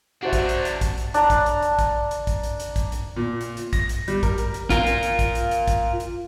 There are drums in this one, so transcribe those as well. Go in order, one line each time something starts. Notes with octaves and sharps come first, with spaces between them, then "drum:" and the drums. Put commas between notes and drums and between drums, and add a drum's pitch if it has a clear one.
C3 D4 F#4 C5 E5
drum: kick, hi-hat
drum: hi-hat
drum: hi-hat
drum: kick, hi-hat
drum: hi-hat
D4 A#5, drum: hi-hat
drum: kick, hi-hat
drum: hi-hat
drum: hi-hat
drum: kick, hi-hat
drum: hi-hat
drum: kick, hi-hat
drum: hi-hat
drum: hi-hat
drum: kick, hi-hat
drum: hi-hat
A#2
drum: hi-hat
drum: hi-hat
A#6, drum: kick, hi-hat
drum: hi-hat
G3, drum: hi-hat
A#4, drum: kick, hi-hat
drum: hi-hat
drum: hi-hat
F4 A#4, drum: kick, hi-hat
drum: hi-hat
drum: hi-hat
drum: kick, hi-hat
drum: hi-hat
drum: hi-hat
drum: kick, hi-hat
drum: hi-hat